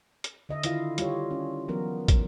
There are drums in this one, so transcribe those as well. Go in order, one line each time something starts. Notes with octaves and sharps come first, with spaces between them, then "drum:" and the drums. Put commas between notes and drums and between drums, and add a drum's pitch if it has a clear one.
drum: hi-hat
D3 D#5 E5
D3 D#3 E4 F4 F5, drum: hi-hat
G3 F4 G4 C#5, drum: hi-hat
C#4
E3 F#3 B3 A#4
drum: kick, hi-hat